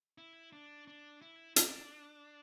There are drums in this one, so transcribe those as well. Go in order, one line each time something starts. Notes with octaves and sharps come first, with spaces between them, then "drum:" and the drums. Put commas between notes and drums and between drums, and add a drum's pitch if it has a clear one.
E4
D4
D4
E4
D4, drum: hi-hat